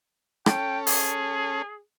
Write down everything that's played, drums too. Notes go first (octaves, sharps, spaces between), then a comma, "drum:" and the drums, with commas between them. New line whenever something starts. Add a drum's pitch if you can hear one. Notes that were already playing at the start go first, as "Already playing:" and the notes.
C#4 A4 G5, drum: rim click
G#4, drum: open hi-hat